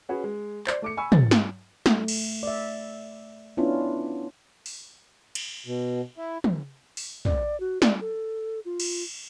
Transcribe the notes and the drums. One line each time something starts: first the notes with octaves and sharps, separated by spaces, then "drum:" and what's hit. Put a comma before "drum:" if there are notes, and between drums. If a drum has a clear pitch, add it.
C#4 F#4 G#4 B4 C#5
G#3
C5 D5, drum: clap
A3 D6 C#7
G#5 B5 C#6 E6
A6, drum: tom
drum: snare
A3, drum: snare
drum: cymbal
D5 E5
B3 C#4 D4 E4 F4
drum: open hi-hat
drum: cymbal
B2
E4
drum: tom
drum: open hi-hat
D5, drum: tom
F#4
D5, drum: snare
A4
F4
drum: cymbal